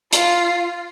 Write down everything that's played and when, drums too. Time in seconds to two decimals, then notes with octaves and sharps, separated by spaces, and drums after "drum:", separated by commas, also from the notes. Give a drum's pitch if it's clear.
0.13 F4, drum: hi-hat